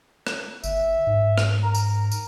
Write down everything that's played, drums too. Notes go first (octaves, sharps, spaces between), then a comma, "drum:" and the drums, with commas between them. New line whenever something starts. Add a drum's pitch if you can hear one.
drum: rim click
G1 E5, drum: tambourine
G#2
drum: rim click
A#4
drum: tambourine
drum: tambourine